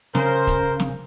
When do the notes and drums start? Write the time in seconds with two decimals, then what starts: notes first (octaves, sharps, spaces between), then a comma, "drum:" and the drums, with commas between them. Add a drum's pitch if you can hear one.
0.15 C#3 A#4 C5, drum: snare
0.47 drum: kick, hi-hat
0.80 drum: snare